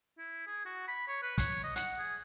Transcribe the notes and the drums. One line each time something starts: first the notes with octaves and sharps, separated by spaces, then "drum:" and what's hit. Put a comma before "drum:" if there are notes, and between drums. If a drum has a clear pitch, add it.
E4
G#4
F#4
B5
C#5
B4
C#5, drum: kick, hi-hat
D#5
F#5, drum: hi-hat
G#4